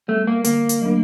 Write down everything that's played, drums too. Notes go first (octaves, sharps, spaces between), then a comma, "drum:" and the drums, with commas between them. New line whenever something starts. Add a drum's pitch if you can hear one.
G3 A3 B3
A#3
D3 A#3, drum: hi-hat
drum: hi-hat
F#3 A3 D4